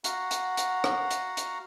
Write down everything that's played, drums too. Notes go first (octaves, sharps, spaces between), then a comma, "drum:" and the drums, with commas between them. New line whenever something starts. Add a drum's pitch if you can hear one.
F#4 F5 F#5 A#5, drum: hi-hat
drum: hi-hat
drum: hi-hat
drum: rim click
drum: hi-hat
drum: hi-hat